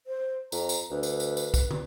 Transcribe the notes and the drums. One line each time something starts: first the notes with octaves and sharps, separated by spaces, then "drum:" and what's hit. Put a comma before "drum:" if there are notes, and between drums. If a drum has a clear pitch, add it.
C5
F2 A#5, drum: tambourine
drum: tambourine
D2 B4
drum: tambourine
drum: tambourine
drum: tambourine
drum: kick, tambourine
drum: tom